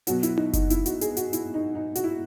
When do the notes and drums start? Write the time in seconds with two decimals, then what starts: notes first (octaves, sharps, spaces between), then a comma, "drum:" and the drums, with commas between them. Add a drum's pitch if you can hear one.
0.07 B2 F#3 F#4, drum: hi-hat
0.23 E4, drum: hi-hat
0.38 D#4, drum: tom D#4
0.53 D#4, drum: kick F#1, hi-hat
0.70 E4, drum: hi-hat
0.86 F#4, drum: hi-hat
1.01 G#4, drum: hi-hat
1.17 F#4, drum: hi-hat
1.33 E4, drum: hi-hat
1.54 D#4
1.75 D#4
1.95 F#4, drum: hi-hat
2.04 E4